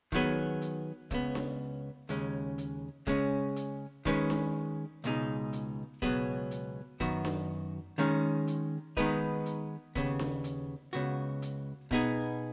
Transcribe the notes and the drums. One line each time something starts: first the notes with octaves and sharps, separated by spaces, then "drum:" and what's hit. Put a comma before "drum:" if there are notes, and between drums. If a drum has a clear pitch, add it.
D#3 F#3 B3 G#4, drum: kick D#1, hi-hat
drum: hi-hat
C#2 C#3 B3, drum: kick D#1, hi-hat
drum: snare D4
D#2 C#3 G#3 C#4, drum: hi-hat
drum: hi-hat
C#3 G#3 C#4, drum: kick D#1, hi-hat
drum: hi-hat
D#3 G#3 C#4 B4, drum: kick D#1, hi-hat
drum: snare D4
C#2 B2 G#3 D#4, drum: hi-hat
drum: hi-hat
C#2 B2 F#3 B3 G#4, drum: kick D#1, hi-hat
drum: hi-hat
F#2 D#3 B3 F#4, drum: kick D#1, hi-hat
drum: snare D4
D#3 G#3 C#4, drum: hi-hat
drum: hi-hat
D#3 G#3 B3 D#4 B4, drum: kick D#1, hi-hat
drum: hi-hat
D#2 C#3 B3, drum: kick D#1, hi-hat
drum: snare D4
drum: hi-hat
C#2 C#3 B3 F#4, drum: hi-hat
drum: hi-hat
B2 B3 D#4 G#4, drum: kick D#1